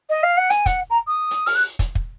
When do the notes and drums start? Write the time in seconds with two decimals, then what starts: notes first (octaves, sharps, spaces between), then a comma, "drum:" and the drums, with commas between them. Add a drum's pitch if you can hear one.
0.09 D#5
0.23 F5
0.37 F#5
0.50 G#5, drum: hi-hat
0.66 F#5, drum: kick, hi-hat
0.90 A#5
1.07 D#6
1.31 drum: hi-hat
1.46 F6, drum: open hi-hat
1.55 F#6
1.79 drum: kick, hi-hat
1.95 drum: kick